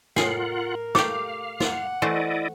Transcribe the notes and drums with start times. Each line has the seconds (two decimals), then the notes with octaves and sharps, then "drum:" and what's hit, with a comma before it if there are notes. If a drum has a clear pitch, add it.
0.16 A2 F4 G#4 A#4 F#5 G#5 C7, drum: snare
0.95 A3 G4 F5 D6, drum: snare
1.60 F4 F#5, drum: snare
2.02 E3 A3 E4 C5 D5 D#5